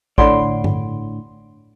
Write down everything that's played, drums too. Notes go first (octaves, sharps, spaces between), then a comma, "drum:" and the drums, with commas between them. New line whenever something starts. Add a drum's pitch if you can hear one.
A2 D3 C#5 D5 F#5 B5 C6, drum: kick A1
drum: tom G2